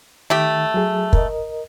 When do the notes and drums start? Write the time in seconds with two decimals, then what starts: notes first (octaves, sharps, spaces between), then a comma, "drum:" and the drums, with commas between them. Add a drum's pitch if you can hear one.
0.30 D#3 A3 G4
0.74 F#3 G#4
1.13 A#4 D#5, drum: kick